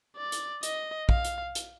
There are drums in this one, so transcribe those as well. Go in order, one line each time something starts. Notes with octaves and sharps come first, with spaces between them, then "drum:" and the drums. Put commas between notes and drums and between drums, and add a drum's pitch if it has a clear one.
D5
drum: hi-hat
D#5, drum: hi-hat
F5, drum: kick
drum: hi-hat
drum: hi-hat